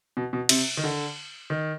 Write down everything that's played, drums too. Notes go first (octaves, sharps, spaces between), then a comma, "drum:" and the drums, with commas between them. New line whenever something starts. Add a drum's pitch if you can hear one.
B2
B2
C3, drum: cymbal
D#3
D3
D#3